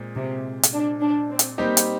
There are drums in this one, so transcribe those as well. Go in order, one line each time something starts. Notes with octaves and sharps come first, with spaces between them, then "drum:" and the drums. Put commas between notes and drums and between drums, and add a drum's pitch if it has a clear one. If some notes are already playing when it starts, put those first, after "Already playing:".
Already playing: A#2 G#3 C4 G#4
C3
drum: hi-hat
D4
D4
C4
drum: hi-hat
G3 A#3 C4 D#4 G4
drum: hi-hat